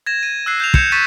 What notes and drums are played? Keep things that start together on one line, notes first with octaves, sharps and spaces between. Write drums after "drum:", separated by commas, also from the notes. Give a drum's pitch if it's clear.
G#6 A#6 E7
D#7
E6 F#6 C7
G6 E7 F7
G6 G#6 C#7 E7, drum: kick
C#6 A6 B6 D#7 E7